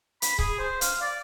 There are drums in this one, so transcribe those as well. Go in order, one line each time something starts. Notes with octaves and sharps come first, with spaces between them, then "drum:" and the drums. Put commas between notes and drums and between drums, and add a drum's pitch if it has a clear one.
B5, drum: hi-hat
G#4, drum: kick C#1
C5
F5, drum: hi-hat
D5